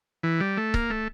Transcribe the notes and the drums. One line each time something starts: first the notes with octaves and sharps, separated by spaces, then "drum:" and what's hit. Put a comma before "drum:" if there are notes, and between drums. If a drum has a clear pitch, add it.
E3
G3
A3
A#3, drum: kick C#1
A3